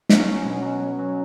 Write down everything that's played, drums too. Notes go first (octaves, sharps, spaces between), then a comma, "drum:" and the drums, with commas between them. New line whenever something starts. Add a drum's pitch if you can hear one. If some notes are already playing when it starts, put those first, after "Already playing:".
F#3 C#4, drum: snare
F#3
B2
F#3
B2
F#3